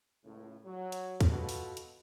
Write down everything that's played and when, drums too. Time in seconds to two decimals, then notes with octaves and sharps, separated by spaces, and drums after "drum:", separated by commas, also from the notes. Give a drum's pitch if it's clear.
0.24 C#2 A2
0.64 F#3
0.92 drum: hi-hat
1.21 drum: kick, hi-hat
1.30 B2 F4 F#4 A4 B4
1.49 drum: open hi-hat
1.77 drum: hi-hat